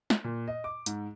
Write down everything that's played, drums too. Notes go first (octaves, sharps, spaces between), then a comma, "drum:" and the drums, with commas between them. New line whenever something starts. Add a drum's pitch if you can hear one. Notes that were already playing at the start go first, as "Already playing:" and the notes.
drum: snare
A#2
D#5
D6
G#2, drum: hi-hat